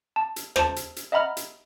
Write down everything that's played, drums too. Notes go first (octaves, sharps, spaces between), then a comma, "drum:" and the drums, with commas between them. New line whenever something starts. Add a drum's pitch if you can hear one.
A5
drum: hi-hat
C5 A5, drum: rim click
drum: hi-hat
drum: hi-hat
D#5 E5 F#5 A#5 B5 F6
drum: hi-hat